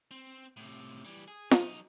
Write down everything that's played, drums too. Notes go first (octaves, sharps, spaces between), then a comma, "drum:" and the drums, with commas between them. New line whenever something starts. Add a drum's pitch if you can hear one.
C4
A2 C3
E3 G3
G#4
F#3 D#4, drum: snare